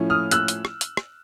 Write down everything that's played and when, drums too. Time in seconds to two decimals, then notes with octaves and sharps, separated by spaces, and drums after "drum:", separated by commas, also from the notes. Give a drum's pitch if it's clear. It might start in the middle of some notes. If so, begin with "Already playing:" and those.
Already playing: A2 F3 A3 C#4 E4
0.10 D#6 F6
0.31 E6 F#6, drum: hi-hat
0.48 drum: hi-hat
0.65 drum: rim click
0.81 drum: hi-hat
0.97 drum: rim click